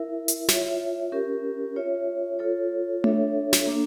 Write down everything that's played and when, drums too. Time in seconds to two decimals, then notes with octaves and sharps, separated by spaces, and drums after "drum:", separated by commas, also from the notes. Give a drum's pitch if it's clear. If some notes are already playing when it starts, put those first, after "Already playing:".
Already playing: E4 A#4 E5
0.28 drum: hi-hat
0.48 F4 C#5 E5, drum: snare
1.12 C#4 G4 A#4
1.76 F4 C#5 E5
2.39 F4 A4 C#5
3.04 D4 A4 C#5 E5, drum: tom A3
3.53 drum: snare
3.66 A#3 D4 A4